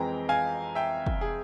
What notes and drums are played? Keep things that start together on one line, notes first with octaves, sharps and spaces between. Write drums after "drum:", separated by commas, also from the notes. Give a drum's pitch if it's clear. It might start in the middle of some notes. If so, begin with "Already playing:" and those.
Already playing: F2 E3 G#3 C4 G5 A#5
F5 G#5
E5 G5
drum: kick
G#4